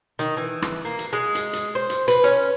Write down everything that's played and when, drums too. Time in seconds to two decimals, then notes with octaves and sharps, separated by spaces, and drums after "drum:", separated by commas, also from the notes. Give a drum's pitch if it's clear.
0.19 D#3
0.37 E3
0.62 drum: rim click
0.85 A#3
0.99 drum: hi-hat
1.13 G#3
1.35 drum: hi-hat
1.53 drum: hi-hat
1.75 C5
1.90 drum: hi-hat
2.08 B4, drum: hi-hat
2.24 C#4, drum: hi-hat